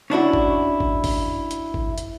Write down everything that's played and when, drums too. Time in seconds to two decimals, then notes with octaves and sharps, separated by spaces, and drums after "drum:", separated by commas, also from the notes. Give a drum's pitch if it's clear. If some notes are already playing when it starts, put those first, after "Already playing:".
0.10 C#4 D4 E4 F#4
0.33 drum: kick G1
0.80 drum: kick G1
1.04 drum: kick G1, open hi-hat
1.51 drum: hi-hat
1.74 drum: kick G1
1.98 drum: hi-hat